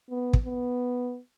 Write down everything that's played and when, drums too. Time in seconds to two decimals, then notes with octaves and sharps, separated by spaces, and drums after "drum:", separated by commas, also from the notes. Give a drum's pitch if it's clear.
0.10 B3
0.33 drum: kick
0.45 B3